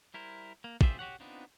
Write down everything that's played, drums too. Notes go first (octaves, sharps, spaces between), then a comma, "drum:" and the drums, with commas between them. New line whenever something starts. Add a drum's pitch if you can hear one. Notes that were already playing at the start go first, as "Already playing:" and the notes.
G3 E4 A#4 C5
A#3
F4 G4 G#4 C5 E5, drum: kick
F#4 G4 C#5 F#5
B3 C4 D4 D#4 F4